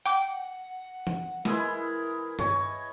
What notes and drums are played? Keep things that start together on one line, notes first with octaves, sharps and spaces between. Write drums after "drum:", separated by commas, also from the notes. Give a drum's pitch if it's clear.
F#5 G5 D6, drum: hi-hat
drum: tom
E3 G#3 E4 A#4, drum: snare
C#5 D#5 G#5, drum: tom